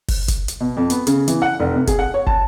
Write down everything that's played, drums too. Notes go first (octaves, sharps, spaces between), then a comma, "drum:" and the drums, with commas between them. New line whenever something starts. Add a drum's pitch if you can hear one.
drum: kick, open hi-hat
drum: kick, hi-hat
drum: hi-hat
B2
F2
B3, drum: hi-hat
C#3, drum: hi-hat
E3, drum: hi-hat
F#5
F1
C3
G#4, drum: kick, hi-hat
F#5
C#5
A5, drum: kick